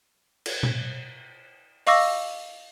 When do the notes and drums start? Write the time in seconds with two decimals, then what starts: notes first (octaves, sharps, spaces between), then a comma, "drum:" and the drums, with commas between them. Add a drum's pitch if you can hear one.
0.46 drum: cymbal
0.63 drum: tom A#2
1.87 D#5 F5 C#6 D6 E6 A#6, drum: open hi-hat